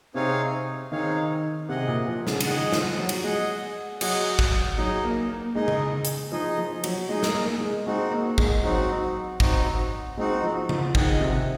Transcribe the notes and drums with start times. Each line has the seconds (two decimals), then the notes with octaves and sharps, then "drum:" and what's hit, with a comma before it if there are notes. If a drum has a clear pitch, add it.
0.14 C3 C4 D#4 G#4 C#5 F5
0.92 D#3 C4 D#4 G#4 C#5 F5
1.69 C3 G#4 D#5 F#5
1.88 A#2
2.08 F3
2.27 C#3, drum: snare
2.40 C#3, drum: cymbal
2.46 D#3 G#4 D#5 F#5
2.72 F3, drum: snare
2.98 F#3
3.09 drum: cymbal
3.24 G#3 G#4 D#5 F#5
4.01 F#3 G#4 D#5 F#5, drum: cymbal
4.39 drum: kick
4.77 F#3 D#4 G#4 D#5
5.04 A#3
5.28 A#3
5.55 G#3 D#4 G#4 D#5
5.68 drum: tom C#3
6.05 drum: hi-hat
6.32 F3 D#4 G#4 D#5
6.58 F3
6.84 F#3, drum: cymbal
7.09 G#3 D#4 G#4 D#5
7.23 drum: snare
7.34 A#3
7.61 G#3
7.86 G#3 C4 D#4 F#4
8.11 A#3
8.38 G#3, drum: kick
8.64 F#3 C4 D#4 F#4
9.40 C4 D#4 F#4, drum: kick
10.17 G#3 C4 D#4 F#4
10.43 F3
10.69 F3, drum: tom C#3
10.95 D#3 G#4 D#5 F#5, drum: kick
11.20 C3